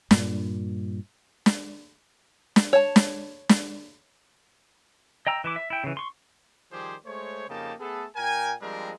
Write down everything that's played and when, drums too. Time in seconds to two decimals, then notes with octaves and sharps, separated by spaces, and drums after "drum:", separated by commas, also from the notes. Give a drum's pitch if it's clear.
0.11 G2 A#2, drum: snare
1.46 drum: snare
2.56 drum: snare
2.73 C#5 A5
2.96 drum: snare
3.49 drum: snare
5.27 D#5 G5 A#5 E6
5.44 E3 E4 D6
5.56 E5
5.70 E4 G5
5.84 C#3 E3
5.97 C6 C#6
6.71 D#3 F3 G3 G4 G#4 C5
7.05 G#3 A3 C5 C#5
7.48 F2 C#3 A#3 D#4 G4 A5
7.79 A3 B3 G#4 A4
8.15 A#2 A#4 G5 G#5
8.61 F3 G3 G#3 C4 D4 A#4